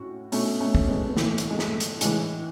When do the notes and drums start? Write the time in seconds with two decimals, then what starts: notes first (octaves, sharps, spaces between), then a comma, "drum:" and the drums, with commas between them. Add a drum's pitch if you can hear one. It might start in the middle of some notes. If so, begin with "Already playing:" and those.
Already playing: A2 C#4 F#4
0.32 B2 A3 C#4, drum: open hi-hat
0.60 A3 C#4
0.75 drum: kick
0.89 G#3 B3
1.09 B3
1.17 A2 E3 A3, drum: snare
1.38 drum: hi-hat
1.50 G#3
1.59 A3, drum: snare
1.80 drum: hi-hat
2.01 A2 E3 G#3, drum: hi-hat